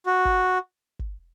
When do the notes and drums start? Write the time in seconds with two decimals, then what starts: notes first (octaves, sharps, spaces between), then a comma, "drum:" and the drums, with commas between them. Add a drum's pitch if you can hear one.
0.06 F#4
0.25 drum: kick G1
0.99 drum: kick G1